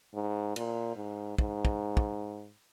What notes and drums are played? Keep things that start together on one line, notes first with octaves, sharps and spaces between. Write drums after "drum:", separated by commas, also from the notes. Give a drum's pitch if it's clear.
G#2
A#2, drum: cymbal
G#2
G#2, drum: kick
drum: kick
drum: kick